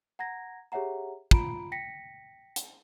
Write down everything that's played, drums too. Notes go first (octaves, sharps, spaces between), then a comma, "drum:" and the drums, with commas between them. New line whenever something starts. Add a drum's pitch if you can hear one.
F#5 A#5 G#6 A#6
G4 G#4 C#5 E5 F#5 A#5
F4 A#5 B5 D7, drum: kick
G5 A#6 B6 C#7
drum: hi-hat